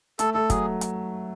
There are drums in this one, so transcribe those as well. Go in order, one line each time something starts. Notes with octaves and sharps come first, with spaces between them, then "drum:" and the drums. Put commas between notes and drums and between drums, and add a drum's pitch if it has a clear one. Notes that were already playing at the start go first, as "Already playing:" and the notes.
A3 A4, drum: hi-hat
A3 A4
F#3 G#4, drum: kick, hi-hat
drum: hi-hat